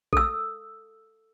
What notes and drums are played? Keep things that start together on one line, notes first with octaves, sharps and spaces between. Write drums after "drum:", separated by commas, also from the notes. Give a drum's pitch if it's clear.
A4 E6, drum: kick A#1